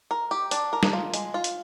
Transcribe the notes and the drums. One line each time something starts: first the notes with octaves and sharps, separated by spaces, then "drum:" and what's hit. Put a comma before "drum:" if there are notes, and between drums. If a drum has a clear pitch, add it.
A#4
G4
D4, drum: hi-hat
A#4
drum: snare
F4
G#3, drum: hi-hat
F4
drum: hi-hat